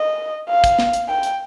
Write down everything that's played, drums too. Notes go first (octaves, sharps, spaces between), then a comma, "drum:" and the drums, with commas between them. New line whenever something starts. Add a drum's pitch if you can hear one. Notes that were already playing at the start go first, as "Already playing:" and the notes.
Already playing: D#5
F5
drum: kick, hi-hat
drum: snare
drum: hi-hat
G5
drum: hi-hat